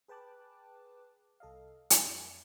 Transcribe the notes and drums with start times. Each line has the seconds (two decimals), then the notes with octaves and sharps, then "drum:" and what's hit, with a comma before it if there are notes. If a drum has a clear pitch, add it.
0.08 G#4 B4 G5 A5 D6 F#6
1.40 C2 A4 D#5 F5
1.90 F2, drum: hi-hat